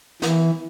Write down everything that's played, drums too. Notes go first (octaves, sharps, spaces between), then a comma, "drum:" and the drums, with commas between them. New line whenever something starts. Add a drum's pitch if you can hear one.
E3, drum: snare